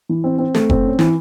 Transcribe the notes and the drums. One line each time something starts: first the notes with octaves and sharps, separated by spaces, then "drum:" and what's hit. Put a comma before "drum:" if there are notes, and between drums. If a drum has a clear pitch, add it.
E3
C4
C4
A3, drum: snare
C4, drum: kick F1
C#4
E3, drum: snare